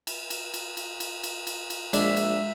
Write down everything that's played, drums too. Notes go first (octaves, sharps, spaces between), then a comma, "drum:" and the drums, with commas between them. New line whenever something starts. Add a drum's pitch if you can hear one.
drum: cymbal
drum: cymbal
drum: cymbal
drum: cymbal
drum: cymbal
drum: cymbal
drum: cymbal
drum: cymbal
A#1 G#3 D4 E5, drum: cymbal
drum: cymbal